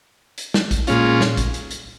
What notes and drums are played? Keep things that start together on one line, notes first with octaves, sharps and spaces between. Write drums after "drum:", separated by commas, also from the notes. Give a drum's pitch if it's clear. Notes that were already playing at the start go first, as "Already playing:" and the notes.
drum: hi-hat
drum: snare
drum: kick A1, hi-hat
A#2 G#3 C#4 F4, drum: hi-hat
drum: snare
drum: kick A1, hi-hat
drum: hi-hat
drum: hi-hat